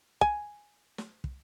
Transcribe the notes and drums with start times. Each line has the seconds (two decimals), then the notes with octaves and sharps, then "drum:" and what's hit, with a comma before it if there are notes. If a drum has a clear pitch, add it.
0.21 G#5, drum: kick
0.98 drum: snare
1.24 drum: kick